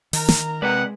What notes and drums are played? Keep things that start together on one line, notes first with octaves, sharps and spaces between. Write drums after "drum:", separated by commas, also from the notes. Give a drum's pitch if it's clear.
D#3 A#4 A#5, drum: open hi-hat
drum: snare
C3 G#3 B4 D5 F#5